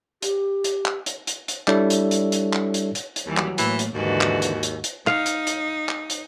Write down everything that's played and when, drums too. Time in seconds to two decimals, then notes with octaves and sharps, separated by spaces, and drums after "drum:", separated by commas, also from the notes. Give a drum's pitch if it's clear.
0.22 G4, drum: hi-hat
0.64 drum: hi-hat
0.85 drum: clap
1.06 drum: hi-hat
1.27 drum: hi-hat
1.48 drum: hi-hat
1.68 G3 D4 E4 A4 C#5 E5, drum: clap
1.90 drum: hi-hat
2.11 drum: hi-hat
2.32 drum: hi-hat
2.53 drum: clap
2.74 drum: hi-hat
2.95 drum: hi-hat
3.16 drum: hi-hat
3.26 D#2 E3 F#3 G3
3.37 drum: clap
3.58 A2 E3 A#3, drum: hi-hat
3.79 drum: hi-hat
3.95 D#2 G#2 D3 E3 F#4
4.21 drum: clap
4.42 drum: hi-hat
4.63 drum: hi-hat
4.84 drum: hi-hat
5.07 D#4 F5, drum: clap
5.26 drum: hi-hat
5.47 drum: hi-hat
5.89 drum: clap
6.10 drum: hi-hat